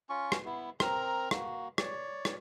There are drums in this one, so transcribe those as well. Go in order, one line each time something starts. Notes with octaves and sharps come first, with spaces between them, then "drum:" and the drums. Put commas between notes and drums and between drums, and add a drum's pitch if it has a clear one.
C#4 F4 C#6
drum: rim click
B3 E4
C4 A#4 A#5, drum: rim click
A#3 F#4, drum: rim click
C#5 D5, drum: rim click
drum: rim click